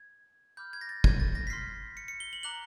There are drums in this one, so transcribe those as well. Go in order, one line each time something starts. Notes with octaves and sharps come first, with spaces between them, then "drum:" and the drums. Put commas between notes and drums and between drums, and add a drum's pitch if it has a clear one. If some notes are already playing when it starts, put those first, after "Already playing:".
Already playing: G#6
B5 D6 F6 G6
G#6
A#6
A6
G#6, drum: kick
A6
A#6
B6
C6 F6 C7
C#7
C#7
G7
F#7
A#5 D6 F#6 F#7